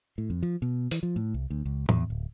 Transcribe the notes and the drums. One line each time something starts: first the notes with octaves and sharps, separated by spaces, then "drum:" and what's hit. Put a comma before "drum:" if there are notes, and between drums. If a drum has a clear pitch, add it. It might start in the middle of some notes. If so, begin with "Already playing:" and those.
A2
F2
F3
B2
E3, drum: hi-hat
F3
A2
C2
D2
C#2
E2, drum: tom A2
D1